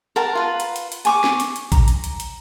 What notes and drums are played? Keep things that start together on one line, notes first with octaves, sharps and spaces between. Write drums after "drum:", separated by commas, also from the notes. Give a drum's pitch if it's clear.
A#4 F#5 A5
F4 B4
drum: hi-hat
drum: hi-hat
drum: hi-hat
G#5 C#6 D6, drum: hi-hat
drum: snare
drum: hi-hat
drum: hi-hat
A#5, drum: kick, hi-hat
drum: hi-hat
drum: hi-hat
drum: hi-hat